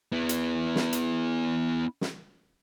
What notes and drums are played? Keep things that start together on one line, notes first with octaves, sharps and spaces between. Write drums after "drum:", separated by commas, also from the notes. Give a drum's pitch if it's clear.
B3 E4
drum: hi-hat
drum: snare
drum: hi-hat
drum: snare